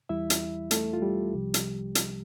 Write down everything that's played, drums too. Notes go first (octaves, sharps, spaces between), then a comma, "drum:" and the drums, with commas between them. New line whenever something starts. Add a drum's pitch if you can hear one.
E2 E3 G3 E4 E5
drum: hi-hat
A3 A4, drum: hi-hat
F4
G3 G4
C2 C3 F3
drum: hi-hat
drum: hi-hat